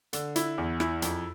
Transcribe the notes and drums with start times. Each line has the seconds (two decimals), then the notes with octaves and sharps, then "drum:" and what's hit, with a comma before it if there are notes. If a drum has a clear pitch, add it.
0.13 D3, drum: hi-hat
0.36 E4, drum: hi-hat
0.58 E2
0.80 E4, drum: rim click
1.02 F2, drum: hi-hat